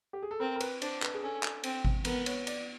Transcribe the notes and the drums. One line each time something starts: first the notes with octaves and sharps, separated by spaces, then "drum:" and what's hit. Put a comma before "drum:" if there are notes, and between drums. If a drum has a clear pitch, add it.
G4
G#4
A4
C4 A#4
A#4
B4, drum: cymbal
D4 C5, drum: cymbal
B4, drum: clap
G#4
C#4 A4
drum: clap
C4, drum: cymbal
drum: kick G#1
B3 A#4, drum: cymbal
C#5, drum: cymbal
D5, drum: cymbal